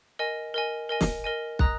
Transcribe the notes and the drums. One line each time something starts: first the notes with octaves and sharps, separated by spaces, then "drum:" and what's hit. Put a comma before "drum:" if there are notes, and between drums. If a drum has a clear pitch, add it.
A#4 D#5 G#5
A#4 D#5 G#5
A#4 D#5 G#5
drum: snare
A#4 D#5 G#5
D#5 A#5 D#6 F#6, drum: kick